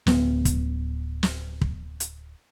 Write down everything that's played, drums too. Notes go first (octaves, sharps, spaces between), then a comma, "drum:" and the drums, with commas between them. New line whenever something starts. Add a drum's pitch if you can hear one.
D1 B3, drum: snare
drum: kick, hi-hat
drum: snare
drum: kick
drum: hi-hat